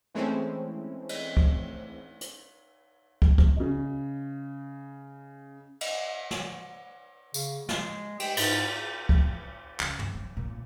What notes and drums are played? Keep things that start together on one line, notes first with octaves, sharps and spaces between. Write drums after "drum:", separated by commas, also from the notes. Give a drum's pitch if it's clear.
E3 G#3 A3 C4 C#4 E4
drum: cymbal
drum: kick
drum: hi-hat
drum: kick
drum: kick
C#3 D#5
drum: cymbal
drum: snare
C#3, drum: tambourine
G#3, drum: snare
G4, drum: cymbal
G#2, drum: cymbal
drum: kick
C#2, drum: clap
drum: tom
F#3
A#2